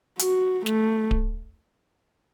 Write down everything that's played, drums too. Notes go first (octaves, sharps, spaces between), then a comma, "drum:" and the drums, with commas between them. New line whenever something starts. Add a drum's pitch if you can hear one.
F#4, drum: hi-hat
A3, drum: snare
drum: kick D1